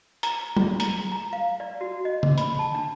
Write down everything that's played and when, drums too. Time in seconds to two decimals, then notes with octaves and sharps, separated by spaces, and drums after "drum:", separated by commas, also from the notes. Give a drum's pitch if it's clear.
0.23 A#5, drum: hi-hat
0.57 drum: tom F#3
0.80 A#5, drum: hi-hat
1.12 A#5
1.33 F5
1.60 D5
1.81 F#4
2.05 D#5
2.23 drum: tom C#3
2.38 B5, drum: hi-hat
2.59 A5
2.74 D4